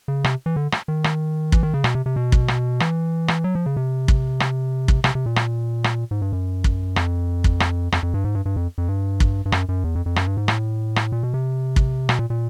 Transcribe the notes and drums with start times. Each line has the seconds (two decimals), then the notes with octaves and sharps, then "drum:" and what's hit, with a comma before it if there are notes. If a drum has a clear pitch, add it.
0.08 C#3
0.24 C3, drum: rim click
0.46 E3
0.56 D3
0.72 drum: rim click
0.88 D#3
1.04 drum: rim click
1.52 E3, drum: kick
1.63 D#3
1.74 C#3
1.84 B2, drum: rim click
1.95 C3
2.06 C3
2.16 B2
2.32 drum: kick
2.48 drum: rim click
2.80 E3, drum: rim click
3.28 drum: rim click
3.44 F#3
3.55 F3
3.66 C#3
3.77 C3
4.08 drum: kick
4.40 drum: rim click
4.88 drum: kick
5.04 C3, drum: rim click
5.15 C3
5.26 A#2
5.36 drum: rim click
5.84 drum: rim click
6.11 G#2
6.22 G2
6.33 F#2
6.64 drum: kick
6.96 F2, drum: rim click
7.44 drum: kick
7.60 drum: rim click
7.92 F2, drum: rim click
8.03 F2
8.14 G2
8.24 G#2
8.35 G2
8.45 G2
8.56 F2
8.78 F2
8.88 G2
9.20 drum: kick
9.46 G2
9.52 F#2, drum: rim click
9.69 F#2
9.84 E2
9.95 F2
10.06 F2
10.16 F#2, drum: rim click
10.27 G2
10.37 G#2
10.48 A2, drum: rim click
10.96 drum: rim click
11.12 A#2
11.23 B2
11.34 C3
11.76 drum: kick
12.09 B2, drum: rim click
12.19 A#2
12.30 A#2